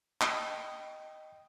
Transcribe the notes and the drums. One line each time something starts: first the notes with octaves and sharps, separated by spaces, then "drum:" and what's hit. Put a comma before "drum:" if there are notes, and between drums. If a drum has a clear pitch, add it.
D#5 G5, drum: clap